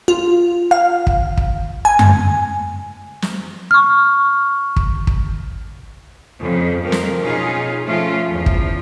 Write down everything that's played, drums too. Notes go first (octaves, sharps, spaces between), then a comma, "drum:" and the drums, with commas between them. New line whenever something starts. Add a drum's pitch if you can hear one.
F4
F5
drum: kick
drum: kick
G#5
drum: tom F#2
drum: snare
C#6 F6
drum: kick
drum: kick
F2 C#3
F2 C#3 F3 C4 A#4
drum: snare
B2 C#4 D#4 F4 G#4
F3 A3 C#4 F4
E2 F3
drum: kick